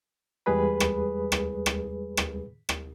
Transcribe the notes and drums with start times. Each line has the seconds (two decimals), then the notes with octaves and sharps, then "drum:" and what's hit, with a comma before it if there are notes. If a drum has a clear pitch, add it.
0.46 E2 G3 G#3 G#4 B4 B5
0.80 drum: rim click
1.32 drum: rim click
1.66 drum: rim click
2.17 drum: rim click
2.69 drum: rim click